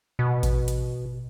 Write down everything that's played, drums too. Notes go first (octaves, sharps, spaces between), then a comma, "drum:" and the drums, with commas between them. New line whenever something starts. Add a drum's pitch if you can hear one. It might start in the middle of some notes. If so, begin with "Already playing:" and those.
B2
drum: kick A1, hi-hat
drum: hi-hat